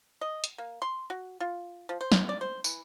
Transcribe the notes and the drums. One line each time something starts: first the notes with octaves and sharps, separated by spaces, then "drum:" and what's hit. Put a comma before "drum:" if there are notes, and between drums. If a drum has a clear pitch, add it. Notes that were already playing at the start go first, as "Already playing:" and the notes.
D#5
drum: hi-hat
A#3
C6
F#4
F4
F3
C5
drum: snare
D5
C5
E3, drum: tambourine